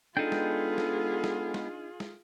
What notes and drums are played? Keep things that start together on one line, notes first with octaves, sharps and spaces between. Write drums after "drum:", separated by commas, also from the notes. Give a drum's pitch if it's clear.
G#3 B3 D4 D#4 F4 G#4 A4 G5
drum: snare
drum: snare
drum: snare
drum: snare
drum: snare